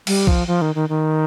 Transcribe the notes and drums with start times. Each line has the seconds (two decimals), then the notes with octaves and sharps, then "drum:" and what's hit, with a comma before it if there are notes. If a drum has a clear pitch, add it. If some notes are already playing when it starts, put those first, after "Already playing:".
0.07 G3, drum: cymbal
0.27 F3, drum: kick B1
0.47 F3
0.62 D#3
0.75 D#3
0.89 D#3